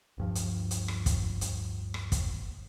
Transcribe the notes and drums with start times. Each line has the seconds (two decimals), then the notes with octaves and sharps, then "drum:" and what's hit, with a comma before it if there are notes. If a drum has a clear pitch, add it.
0.18 D1 G2 F3
0.35 drum: hi-hat
0.71 drum: hi-hat
0.88 drum: rim click
1.06 drum: kick, hi-hat
1.41 drum: hi-hat
1.94 drum: rim click
2.12 drum: kick, hi-hat